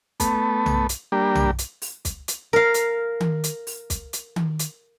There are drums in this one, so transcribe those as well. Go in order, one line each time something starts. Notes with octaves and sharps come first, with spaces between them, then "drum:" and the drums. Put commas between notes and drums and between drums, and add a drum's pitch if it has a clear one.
A3 B3, drum: kick, hi-hat
drum: tom B1
drum: hi-hat
G3 A#3 D4 G4
drum: tom B1
drum: hi-hat
drum: open hi-hat
drum: kick, hi-hat
drum: hi-hat
A#4 F5
drum: hi-hat
drum: tom D#3
drum: hi-hat
drum: open hi-hat
drum: kick, hi-hat
drum: hi-hat
drum: tom D#3
drum: hi-hat